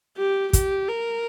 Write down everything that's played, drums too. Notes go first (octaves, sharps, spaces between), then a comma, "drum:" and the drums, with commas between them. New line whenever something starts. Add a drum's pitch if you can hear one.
G4
G4, drum: kick, hi-hat
A#4